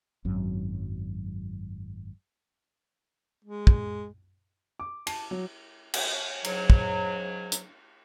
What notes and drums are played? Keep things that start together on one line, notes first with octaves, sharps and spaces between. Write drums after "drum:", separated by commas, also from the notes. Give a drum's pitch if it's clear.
G#1 F#2 F#3
G#3
drum: kick
D6
A5, drum: cymbal
F#3
drum: cymbal
G#2 C#3 F#3, drum: cymbal
drum: kick
drum: hi-hat